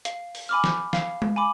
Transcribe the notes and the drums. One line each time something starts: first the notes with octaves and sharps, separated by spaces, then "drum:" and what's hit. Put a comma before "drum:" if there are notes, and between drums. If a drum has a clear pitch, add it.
F5, drum: hi-hat
drum: open hi-hat
G#5 B5 D6 F6
drum: snare
F5, drum: snare
drum: tom G#3
G#5 B5 D6